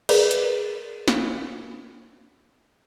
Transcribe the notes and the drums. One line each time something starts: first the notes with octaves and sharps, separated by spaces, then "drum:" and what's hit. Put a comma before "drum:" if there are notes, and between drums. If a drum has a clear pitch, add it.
G#4 A#4 B4 D5, drum: cymbal
drum: hi-hat
drum: snare